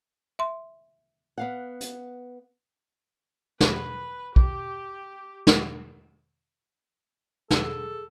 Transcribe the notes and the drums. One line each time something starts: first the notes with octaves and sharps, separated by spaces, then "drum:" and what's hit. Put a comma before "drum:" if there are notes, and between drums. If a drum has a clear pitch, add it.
E5 C6
B3 F5 F#5
drum: hi-hat
B4, drum: snare
G4, drum: kick
drum: snare
G#4 A4, drum: snare